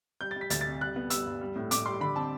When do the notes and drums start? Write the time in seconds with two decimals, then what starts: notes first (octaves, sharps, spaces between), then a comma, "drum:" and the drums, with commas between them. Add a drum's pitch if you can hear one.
0.21 G3 G6
0.31 A6
0.36 G3
0.41 B6
0.50 D2 A6, drum: hi-hat
0.61 A6
0.66 C3
0.81 G3 F#6
0.96 B3
1.10 G3 E6, drum: hi-hat
1.26 G2
1.41 G3
1.56 A2
1.71 A2 D6, drum: hi-hat
1.86 G3 C6
2.01 D3 B5
2.16 C4 A5